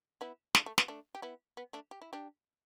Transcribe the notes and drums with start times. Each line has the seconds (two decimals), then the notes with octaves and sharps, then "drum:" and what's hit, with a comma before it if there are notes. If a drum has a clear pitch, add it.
0.21 B3 E4
0.55 A3 D4, drum: snare
0.66 A3
0.78 B3, drum: snare
0.88 A3 D4
1.15 G4
1.22 B3 E4
1.57 B3
1.73 A3 D4
1.91 G4
2.02 E4
2.13 D4 G4